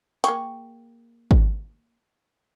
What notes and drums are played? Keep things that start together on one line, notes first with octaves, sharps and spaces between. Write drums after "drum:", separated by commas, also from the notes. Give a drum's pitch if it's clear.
A#3 G#4 G5 C#6, drum: hi-hat
drum: kick G#1